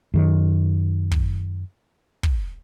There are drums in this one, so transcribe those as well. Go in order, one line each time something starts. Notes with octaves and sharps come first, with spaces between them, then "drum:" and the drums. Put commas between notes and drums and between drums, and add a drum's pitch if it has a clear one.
F#2 D#3
drum: kick
drum: kick